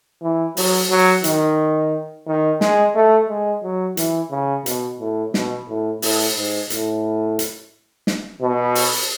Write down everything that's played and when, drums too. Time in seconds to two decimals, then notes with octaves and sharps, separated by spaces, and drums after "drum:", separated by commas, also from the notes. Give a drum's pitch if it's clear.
0.22 E3
0.57 F#3, drum: open hi-hat
0.90 F#3
1.24 D#3, drum: hi-hat
2.27 D#3
2.61 G#3, drum: snare
2.95 A3
3.29 G#3
3.64 F#3
3.97 E3, drum: hi-hat
4.31 C#3
4.66 B2, drum: hi-hat
4.99 A2
5.34 B2, drum: snare
5.68 A2
6.02 A2, drum: open hi-hat
6.36 G#2
6.70 A2, drum: hi-hat
7.39 drum: hi-hat
8.07 drum: snare
8.41 B2
8.75 drum: open hi-hat